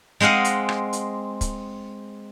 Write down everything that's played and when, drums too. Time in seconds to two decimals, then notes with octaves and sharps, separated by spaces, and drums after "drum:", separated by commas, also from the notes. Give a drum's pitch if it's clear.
0.20 G#3 C4 D#5 F5 F#5
0.45 drum: hi-hat
0.69 drum: rim click
0.93 drum: hi-hat
1.41 drum: kick, hi-hat